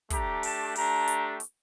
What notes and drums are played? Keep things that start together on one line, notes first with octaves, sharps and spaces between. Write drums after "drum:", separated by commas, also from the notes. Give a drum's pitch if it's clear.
A3 D4 G4 A#5, drum: kick, hi-hat
A5, drum: open hi-hat
A3 D4 G4 A#5, drum: open hi-hat
drum: hi-hat
drum: hi-hat